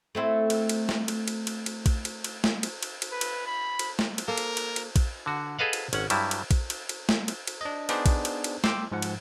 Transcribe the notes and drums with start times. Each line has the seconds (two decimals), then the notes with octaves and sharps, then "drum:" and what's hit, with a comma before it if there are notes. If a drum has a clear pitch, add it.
0.15 A3 C4 E4
0.50 drum: cymbal
0.69 drum: cymbal
0.89 drum: snare
1.08 drum: cymbal
1.28 drum: cymbal
1.47 drum: cymbal
1.66 drum: cymbal
1.86 drum: kick A#1, cymbal
2.05 drum: cymbal
2.24 drum: cymbal
2.44 drum: snare
2.63 drum: cymbal
2.83 drum: cymbal
3.02 drum: cymbal
3.12 B4
3.21 drum: cymbal
3.47 B5
3.79 drum: cymbal
3.99 drum: snare
4.18 drum: cymbal
4.28 A#3 A4 A#4
4.38 drum: cymbal
4.57 drum: cymbal
4.76 drum: cymbal
4.96 drum: kick A#1, cymbal
5.26 D3 F#4
5.59 G#4 A4 B4 D#5 F5 F#5
5.73 drum: cymbal
5.93 G#1 C#4 F#5, drum: cymbal
6.10 G2 F#3 G3 E4, drum: cymbal
6.31 drum: cymbal
6.51 drum: kick A#1, cymbal
6.70 drum: cymbal
6.89 drum: cymbal
7.09 drum: snare
7.28 drum: cymbal
7.47 drum: cymbal
7.61 D4 D#5
7.89 B3 D4 D#4 G#4 C5 D5, drum: cymbal
8.06 drum: kick A#1, cymbal
8.25 drum: cymbal
8.44 drum: cymbal
8.64 G5 C6 D6 E6, drum: snare
8.92 G#2 F3 F#5
9.02 drum: cymbal